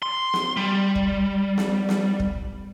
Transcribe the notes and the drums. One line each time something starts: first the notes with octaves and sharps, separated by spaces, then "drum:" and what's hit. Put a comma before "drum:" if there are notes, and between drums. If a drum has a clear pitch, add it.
C6
drum: snare
G3
drum: kick
drum: snare
drum: snare
drum: kick